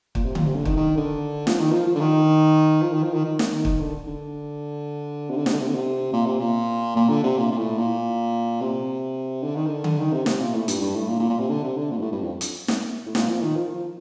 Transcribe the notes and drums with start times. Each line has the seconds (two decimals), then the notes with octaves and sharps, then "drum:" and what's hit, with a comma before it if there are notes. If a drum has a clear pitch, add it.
0.15 A#2, drum: kick
0.24 C3
0.35 A#2, drum: tom D3
0.46 C3
0.56 D3
0.65 D#3, drum: kick
0.77 D#3
0.97 D3
1.47 F3, drum: snare
1.60 D#3
1.72 F3
1.86 F3
1.95 D3
2.00 D#3
2.83 F3
2.93 D#3
3.03 F3
3.14 D#3
3.24 D#3
3.39 drum: snare
3.51 D#3
3.65 D#3, drum: kick
3.80 D3
4.07 D3
5.30 C3
5.37 D3
5.46 C3, drum: snare
5.53 D3
5.60 C3
5.68 D3
5.75 C3
6.13 A#2
6.26 C3
6.39 A#2
6.96 A#2
7.09 D3
7.23 C3
7.38 A#2
7.51 A#2
7.58 A2
7.78 A#2
8.61 C3
9.43 D3
9.55 D#3
9.67 D3
9.84 D3, drum: tom D3
9.99 D#3
10.13 C3
10.26 C3, drum: snare
10.40 A#2
10.54 A2
10.68 G2, drum: hi-hat
10.80 G2
10.95 A2
11.08 A#2
11.19 A#2
11.30 A#2
11.39 C3
11.50 D3
11.64 C3
11.77 D3
11.91 A#2
11.97 G2
12.01 A2
12.12 G2
12.22 F2
12.41 drum: hi-hat
12.68 drum: snare
13.06 A2
13.15 A#2, drum: snare
13.29 F3
13.42 D#3
13.57 F3
13.75 F3